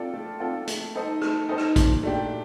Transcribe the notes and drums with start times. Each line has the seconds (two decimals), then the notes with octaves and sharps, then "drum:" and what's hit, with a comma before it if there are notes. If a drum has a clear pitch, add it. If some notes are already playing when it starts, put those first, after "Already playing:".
Already playing: C4 F4 A4 D5
0.13 A3
0.40 C4 F4 A4 D5
0.67 A3, drum: hi-hat
0.95 D#4 A4 C5 D#5
1.22 A3, drum: rim click
1.49 D#4 A4 C5 D#5
1.58 drum: rim click
1.76 A#2, drum: kick, hi-hat
2.03 A3 D4 G4